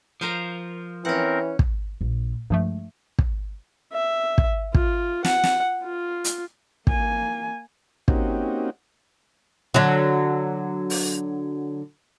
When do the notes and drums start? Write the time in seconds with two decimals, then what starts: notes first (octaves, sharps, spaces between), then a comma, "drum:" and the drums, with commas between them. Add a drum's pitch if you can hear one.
0.21 F3 A#4 C5 F5
1.05 E3 C4 C#4 A#4 F#5
1.59 drum: kick
2.01 A#1
2.50 G2 F3 G#3 A3
3.19 drum: kick
3.93 E5
4.38 drum: kick
4.74 F4, drum: kick
5.25 F#5, drum: snare
5.44 drum: snare
5.83 F4
6.24 drum: hi-hat
6.87 A#3 G#5, drum: kick
8.08 A#3 C4 C#4 D#4 F#4 G4, drum: kick
9.74 D3 F#3
10.90 drum: open hi-hat